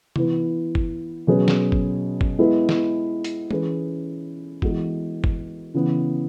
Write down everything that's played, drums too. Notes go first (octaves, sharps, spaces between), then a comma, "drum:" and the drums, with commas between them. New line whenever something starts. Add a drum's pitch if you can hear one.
E3 B3 E4 B4, drum: tom C3
drum: kick F#1
B2 F#3 C#4 G#4 B4
drum: snare
drum: kick F#1
drum: kick F#1
G#3 B3 E4 B4
drum: snare
drum: hi-hat
E3 C#4 G#4 B4, drum: tom
E3 G#3 B3 F#4, drum: kick F#1
drum: kick F#1
C#3 E3 B3